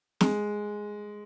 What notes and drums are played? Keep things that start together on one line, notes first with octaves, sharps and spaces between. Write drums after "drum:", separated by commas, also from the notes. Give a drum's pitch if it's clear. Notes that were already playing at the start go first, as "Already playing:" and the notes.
G#3, drum: snare